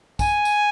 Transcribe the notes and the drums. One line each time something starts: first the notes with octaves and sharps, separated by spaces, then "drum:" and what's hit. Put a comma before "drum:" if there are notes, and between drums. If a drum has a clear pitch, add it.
G#5, drum: kick, tambourine
drum: tambourine